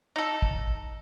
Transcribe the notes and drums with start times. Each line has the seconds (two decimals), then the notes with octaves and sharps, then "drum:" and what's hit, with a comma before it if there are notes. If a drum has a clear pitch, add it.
0.16 D#4 A4
0.42 drum: kick